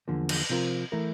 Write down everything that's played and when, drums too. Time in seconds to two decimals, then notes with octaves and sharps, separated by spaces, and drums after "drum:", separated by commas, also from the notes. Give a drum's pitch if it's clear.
0.08 E2 D3 F3 A#3
0.29 drum: cymbal
0.50 C3 F3 C4 F4 A#4
0.92 E3 A3 E4 A#4